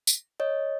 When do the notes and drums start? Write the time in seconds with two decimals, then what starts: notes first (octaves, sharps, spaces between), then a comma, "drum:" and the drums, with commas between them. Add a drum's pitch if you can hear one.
0.07 drum: tambourine
0.40 C#5 D#5